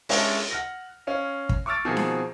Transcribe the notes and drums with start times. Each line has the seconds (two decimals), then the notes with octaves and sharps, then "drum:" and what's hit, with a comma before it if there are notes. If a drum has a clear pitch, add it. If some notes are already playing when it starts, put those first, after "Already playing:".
0.09 G#3 C#4 D4 E4, drum: open hi-hat
0.51 F#5 F6 A#6
1.07 C#4 F5
1.49 drum: kick
1.66 C#6 D6 E6 F6 A6 D7
1.85 B2 D#3 F3 C4 G#4
1.97 drum: snare D4